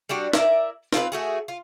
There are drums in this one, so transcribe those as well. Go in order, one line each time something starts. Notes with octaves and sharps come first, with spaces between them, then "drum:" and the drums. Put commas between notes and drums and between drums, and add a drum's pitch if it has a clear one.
G3 D4 F#4 G4
E4 A#4 D5 E5, drum: snare
C4 F4 G#4 B4, drum: snare
A3 F#4 G#4
F4